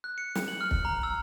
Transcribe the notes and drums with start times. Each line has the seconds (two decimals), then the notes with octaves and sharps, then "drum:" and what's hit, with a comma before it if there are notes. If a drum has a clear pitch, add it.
0.04 F#6
0.18 C#7
0.35 drum: snare
0.48 F#7
0.61 F6
0.71 drum: kick
0.85 A#5
1.03 E6